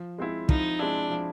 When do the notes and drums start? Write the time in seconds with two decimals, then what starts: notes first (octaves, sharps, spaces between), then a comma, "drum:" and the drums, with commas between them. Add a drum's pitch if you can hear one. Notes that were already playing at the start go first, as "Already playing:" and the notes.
Already playing: F3
0.18 G#3 C4 E4
0.49 F3 D#4, drum: kick
0.79 G#3 C4 D4 E4
1.10 F3